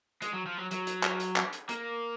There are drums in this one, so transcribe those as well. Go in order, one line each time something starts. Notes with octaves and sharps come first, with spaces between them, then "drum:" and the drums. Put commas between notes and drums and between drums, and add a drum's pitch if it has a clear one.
G#3, drum: hi-hat
F#3
F3
F#3
F#3, drum: hi-hat
drum: hi-hat
drum: clap
drum: hi-hat
drum: clap
drum: hi-hat
A#3, drum: hi-hat